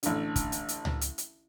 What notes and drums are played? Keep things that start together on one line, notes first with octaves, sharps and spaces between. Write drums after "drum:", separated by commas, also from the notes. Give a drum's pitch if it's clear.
A1 D3, drum: hi-hat
drum: kick, hi-hat
drum: hi-hat
drum: hi-hat
drum: tom C#2
drum: hi-hat
drum: hi-hat